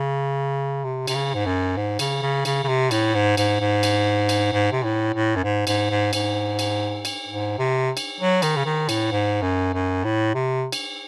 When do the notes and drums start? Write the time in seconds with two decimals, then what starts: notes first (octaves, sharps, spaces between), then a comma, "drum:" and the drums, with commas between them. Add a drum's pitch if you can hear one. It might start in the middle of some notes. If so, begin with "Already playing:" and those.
Already playing: C#3
0.84 C3
1.07 C3, drum: cymbal
1.15 C#3
1.34 G#2
1.46 F#2
1.76 G#2
1.99 C#3, drum: cymbal
2.22 C#3
2.45 C#3, drum: cymbal
2.64 C#3
2.68 C3
2.91 A2, drum: cymbal
3.14 G#2
3.37 G#2, drum: cymbal
3.60 G#2
3.83 drum: cymbal
4.29 drum: cymbal
4.52 G#2
4.72 C3
4.83 A2
5.14 A2
5.35 F#2
5.44 G#2
5.67 G#2, drum: cymbal
5.90 G#2
6.13 G#2, drum: cymbal
6.59 drum: cymbal
7.05 drum: cymbal
7.28 G#2
7.58 C3
7.97 drum: cymbal
8.20 F#3
8.42 D#3, drum: cymbal
8.56 C#3
8.65 D#3
8.89 A2, drum: cymbal
9.11 G#2
9.42 F#2
9.73 F#2
10.04 A2
10.34 C3
10.72 drum: cymbal